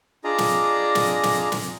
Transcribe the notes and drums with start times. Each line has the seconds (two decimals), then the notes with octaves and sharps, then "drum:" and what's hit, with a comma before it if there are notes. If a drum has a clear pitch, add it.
0.24 D4 F4 G#4 D5 D#5 A#5
0.38 drum: snare
0.95 drum: snare
1.23 drum: snare
1.52 drum: snare